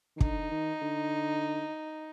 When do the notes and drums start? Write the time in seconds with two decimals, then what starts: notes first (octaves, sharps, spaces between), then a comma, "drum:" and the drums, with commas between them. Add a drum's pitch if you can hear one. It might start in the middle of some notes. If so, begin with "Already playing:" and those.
0.16 D#3
0.21 D3 D#4, drum: kick
0.41 D3
0.51 D#3
0.81 D3